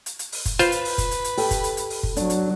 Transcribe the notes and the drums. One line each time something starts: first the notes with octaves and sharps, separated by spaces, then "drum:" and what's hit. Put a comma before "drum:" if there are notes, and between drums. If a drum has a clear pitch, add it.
drum: hi-hat
drum: hi-hat
drum: open hi-hat
drum: kick, hi-hat
F4 B4 C5, drum: hi-hat
drum: hi-hat
drum: open hi-hat
drum: kick, hi-hat
drum: hi-hat
drum: hi-hat
G4 A4, drum: open hi-hat
drum: kick, hi-hat
drum: hi-hat
drum: hi-hat
drum: open hi-hat
drum: kick
F#3 D4, drum: hi-hat
drum: hi-hat